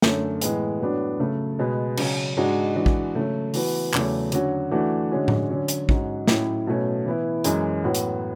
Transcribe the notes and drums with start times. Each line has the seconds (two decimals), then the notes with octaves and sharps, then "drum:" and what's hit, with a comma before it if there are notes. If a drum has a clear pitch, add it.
0.02 F#2 D3 A3 C#4, drum: snare
0.42 A2 E3 G#3 B3, drum: hi-hat
0.81 A2 F#3 B3 D4 F#4
1.20 C#3 F#3 A3
1.59 B2 G#3 B3
1.97 C#3 F#3 C#4, drum: cymbal
2.37 G#2 G#3 D4 F#4
2.76 E3 G#3 D4 F#4
2.86 drum: kick
3.15 C#3 F#3 A3
3.54 E3 B3 F#4, drum: open hi-hat
3.94 E2 C#3 F#3 A3, drum: clap
4.32 D3 F#3 C#4 F#4, drum: hi-hat
4.71 E3 A3 D4 F#4
5.10 D3 G#3 C#4 F#4
5.28 drum: tom A2
5.49 D3 F#3 C#4
5.68 drum: hi-hat
5.89 G#2 F#3 C#4 F#4, drum: kick
6.28 A2 F#3 C#4 E4, drum: snare
6.67 B2 F#3 A3 C#4
7.06 E3 B3 E4
7.44 F#2 E3 G#3, drum: hi-hat
7.84 A2 F#3 B3 F#4
7.95 drum: hi-hat